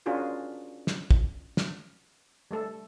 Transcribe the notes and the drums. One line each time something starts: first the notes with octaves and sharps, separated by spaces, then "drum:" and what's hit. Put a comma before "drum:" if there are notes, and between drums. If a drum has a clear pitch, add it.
C#4 D4 F4 F#4 G#4 A#4
drum: snare
drum: kick
drum: snare
G3 A3 A4